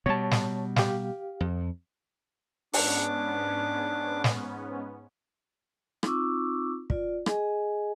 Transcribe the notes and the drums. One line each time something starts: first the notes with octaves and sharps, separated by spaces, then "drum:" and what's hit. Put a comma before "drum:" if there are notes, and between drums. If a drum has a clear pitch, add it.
B2 G3 C#5 A5
drum: snare
G4 F5, drum: snare
F2
G#2 B3 C#4 D4 D6, drum: open hi-hat
drum: snare
C4 D#4 F4 C#6 D6 E6, drum: rim click
F4 D5, drum: kick
G#4 D#5 G#5, drum: rim click